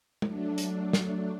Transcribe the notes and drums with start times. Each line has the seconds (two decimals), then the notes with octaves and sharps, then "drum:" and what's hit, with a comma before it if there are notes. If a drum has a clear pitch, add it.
0.22 F#3 A3 D4, drum: tom
0.58 drum: hi-hat
0.93 drum: snare